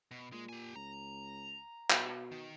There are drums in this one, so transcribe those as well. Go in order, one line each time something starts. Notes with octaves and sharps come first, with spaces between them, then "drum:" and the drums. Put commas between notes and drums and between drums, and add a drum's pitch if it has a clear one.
B2
A#2 G#3
G4 G#5
C#2 A#5
B2, drum: clap
D#3